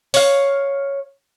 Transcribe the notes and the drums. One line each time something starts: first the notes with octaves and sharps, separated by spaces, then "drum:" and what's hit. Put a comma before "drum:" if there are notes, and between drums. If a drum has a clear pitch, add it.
C#5 F5, drum: open hi-hat